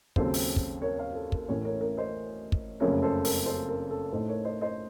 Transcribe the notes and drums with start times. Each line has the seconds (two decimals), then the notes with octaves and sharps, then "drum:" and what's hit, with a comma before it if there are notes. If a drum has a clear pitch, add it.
0.16 D#2 C#3 F#3 C4 A4 C5, drum: kick
0.34 drum: open hi-hat
0.56 drum: kick
0.82 A#4 C#5
0.98 C#5 F5
1.15 A4
1.32 A#4, drum: kick
1.49 A1 A2 A3 C#4 A#4 C#5
1.65 A#4 C#5
1.81 A#4
1.97 C5 D#5
2.52 drum: kick
2.80 F#1 F2 C#3 A3 C#4 A#4 C#5
3.02 A4 C5
3.25 A#4, drum: open hi-hat
3.46 A4 C5
3.69 A#4
3.90 A4
4.12 A2 A3 D#4 A4 C5
4.28 A#4 C#5
4.45 C5 D#5
4.61 C5 D#5